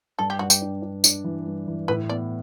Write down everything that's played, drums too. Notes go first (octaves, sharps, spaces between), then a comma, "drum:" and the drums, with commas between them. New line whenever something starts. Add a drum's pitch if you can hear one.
G2 A4
G4
G2 F#4
G4, drum: tambourine
D4
D4
D4, drum: tambourine
E3
G2
E3
A2 B4
B3 D5